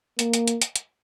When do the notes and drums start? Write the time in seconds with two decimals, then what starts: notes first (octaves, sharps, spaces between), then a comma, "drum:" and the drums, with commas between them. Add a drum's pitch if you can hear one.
0.19 A#3, drum: hi-hat
0.33 drum: hi-hat
0.48 drum: hi-hat
0.62 drum: hi-hat
0.76 drum: hi-hat